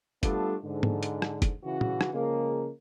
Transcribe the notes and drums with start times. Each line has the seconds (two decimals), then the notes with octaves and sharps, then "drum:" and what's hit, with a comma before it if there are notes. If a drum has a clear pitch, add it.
0.23 G3 A3 B3 D4 F4 A4, drum: kick, hi-hat
0.63 G#2 D3
0.83 drum: tom G#2
1.03 drum: hi-hat
1.22 drum: rim click
1.42 drum: kick, hi-hat
1.64 C#3 E3 F#4
1.81 drum: tom
2.01 drum: rim click
2.13 C#3 F3 G#3 A#3